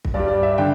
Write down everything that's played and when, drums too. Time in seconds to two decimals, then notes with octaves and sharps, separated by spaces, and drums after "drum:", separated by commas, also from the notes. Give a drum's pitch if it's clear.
0.05 drum: kick
0.14 G2 G3 D5
0.28 D5
0.43 E5
0.58 D3 G5